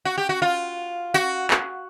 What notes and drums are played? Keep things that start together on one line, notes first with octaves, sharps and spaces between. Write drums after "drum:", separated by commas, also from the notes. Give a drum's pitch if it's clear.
F#4
G4
F#4
F4
F#4, drum: tambourine
drum: clap